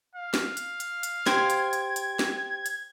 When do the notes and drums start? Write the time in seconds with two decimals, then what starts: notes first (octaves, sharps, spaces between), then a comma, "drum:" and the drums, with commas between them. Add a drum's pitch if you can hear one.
0.15 F5
0.34 drum: snare
0.57 drum: hi-hat
0.80 drum: hi-hat
1.03 drum: hi-hat
1.26 G4 C5 G5 G#6 D7, drum: snare
1.50 drum: hi-hat
1.73 drum: hi-hat
1.96 drum: hi-hat
2.19 drum: snare
2.66 drum: hi-hat